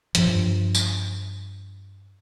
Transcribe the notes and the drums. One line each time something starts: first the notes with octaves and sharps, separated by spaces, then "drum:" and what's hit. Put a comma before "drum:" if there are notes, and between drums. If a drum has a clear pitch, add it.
G2 F3, drum: hi-hat
drum: tambourine